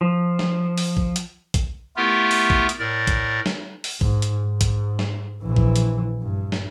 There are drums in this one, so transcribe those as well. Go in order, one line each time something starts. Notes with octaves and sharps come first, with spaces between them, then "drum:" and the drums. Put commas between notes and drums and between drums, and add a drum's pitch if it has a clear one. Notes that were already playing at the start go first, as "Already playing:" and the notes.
F3
drum: snare
drum: open hi-hat
drum: kick A#1
drum: hi-hat
drum: kick A#1, hi-hat
A3 B3 E4 F4 G4 A#4
drum: open hi-hat
drum: kick A#1
drum: hi-hat
A2 A#4 D5
drum: kick A#1, hi-hat
drum: snare
drum: open hi-hat
G#2, drum: kick A#1
drum: hi-hat
G#2
drum: kick A#1, hi-hat
drum: snare
A#1 E3
drum: kick A#1
drum: hi-hat
G2
drum: snare